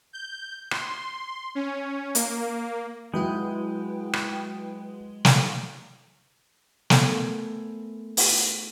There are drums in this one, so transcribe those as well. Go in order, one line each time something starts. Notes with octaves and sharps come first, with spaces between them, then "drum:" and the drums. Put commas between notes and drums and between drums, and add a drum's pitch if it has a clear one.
G6
C6, drum: rim click
C#4
A#3, drum: hi-hat
F#3 G#3 E4 B4 G5
drum: rim click
drum: snare
A3 B3 A4 A#4 C5 G#5, drum: snare
drum: open hi-hat